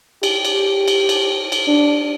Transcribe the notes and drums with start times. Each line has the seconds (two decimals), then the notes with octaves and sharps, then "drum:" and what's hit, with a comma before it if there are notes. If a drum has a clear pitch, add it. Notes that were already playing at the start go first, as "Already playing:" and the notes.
0.23 G4, drum: cymbal
0.45 drum: cymbal
0.88 drum: cymbal
1.09 drum: cymbal
1.52 drum: cymbal
1.67 D4